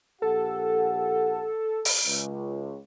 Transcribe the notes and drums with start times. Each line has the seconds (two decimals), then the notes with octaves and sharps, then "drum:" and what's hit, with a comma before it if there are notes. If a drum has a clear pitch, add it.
0.22 A#1 G4 A4 F#5
1.85 drum: open hi-hat
2.05 C#2